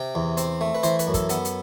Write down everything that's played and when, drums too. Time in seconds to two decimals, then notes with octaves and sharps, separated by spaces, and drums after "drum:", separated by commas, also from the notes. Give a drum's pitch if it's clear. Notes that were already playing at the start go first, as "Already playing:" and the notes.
Already playing: C3 G5
0.15 E2
0.37 C4, drum: hi-hat
0.61 A3
0.75 B4
0.83 E3 C5, drum: hi-hat
0.99 B4, drum: hi-hat
1.07 F#2
1.14 A4, drum: kick, hi-hat
1.29 B3 A4, drum: hi-hat
1.45 drum: hi-hat